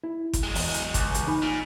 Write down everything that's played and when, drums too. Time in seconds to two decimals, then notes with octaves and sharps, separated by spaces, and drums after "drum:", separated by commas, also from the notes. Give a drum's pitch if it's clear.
0.03 E4
0.33 drum: kick G1, hi-hat
0.43 F#3 G#3
0.55 E2, drum: open hi-hat
0.74 drum: hi-hat
0.94 C#2, drum: kick G1, hi-hat
1.14 drum: hi-hat
1.27 D#4 G#5 B5
1.42 A#2